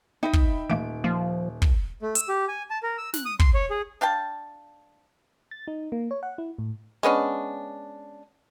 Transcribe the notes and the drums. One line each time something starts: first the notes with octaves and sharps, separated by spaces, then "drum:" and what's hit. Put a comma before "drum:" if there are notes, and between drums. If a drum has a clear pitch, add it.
D#4 D#5 E5 G5 B5
drum: kick
D#1 E3 A3 A#3 D7
F3 A#3
drum: kick
A3
E6, drum: hi-hat
G4
G#5
A5
A#4
E6
F#6, drum: snare
D#6
C6, drum: kick
C#5
G#4
D4 F5 G5 A5
A6
D#4
A#3
C#5
F#5
E4
A2
G#3 B3 C#4 D4